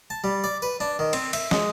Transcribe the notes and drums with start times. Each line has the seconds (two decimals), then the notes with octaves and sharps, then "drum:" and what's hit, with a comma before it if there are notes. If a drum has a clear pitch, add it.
0.10 A5
0.24 G3
0.44 D5
0.62 B4
0.80 D4
0.99 D#3
1.13 C4, drum: cymbal
1.33 E5, drum: cymbal
1.51 G#3, drum: snare